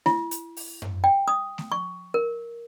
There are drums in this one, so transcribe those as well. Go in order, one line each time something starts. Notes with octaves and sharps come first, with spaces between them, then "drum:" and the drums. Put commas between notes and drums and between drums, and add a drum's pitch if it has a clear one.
E4, drum: snare A3
drum: hi-hat
drum: open hi-hat
drum: tom F#2
G5
D#6
drum: snare A3
C#6
A#4